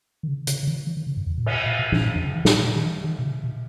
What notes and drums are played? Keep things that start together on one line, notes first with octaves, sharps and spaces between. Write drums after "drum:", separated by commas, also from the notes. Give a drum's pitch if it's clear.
D#3
C#3
C#3, drum: hi-hat
C#3
D#3
E3
D#3
C#3
G2
E2
A#2
G#2, drum: cymbal
A#2
B2
A#2, drum: tom F3
G#2
E2
C#3
E3
A#2, drum: snare
A#2
D#3
E3
D#3
B2
C#3
B2